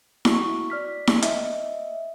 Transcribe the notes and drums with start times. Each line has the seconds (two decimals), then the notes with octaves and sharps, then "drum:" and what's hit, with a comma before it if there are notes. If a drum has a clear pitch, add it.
0.25 E4 F#4 C#6, drum: snare E4
0.70 D5 F6 B6
1.07 drum: snare E4
1.22 D#5 E5, drum: hi-hat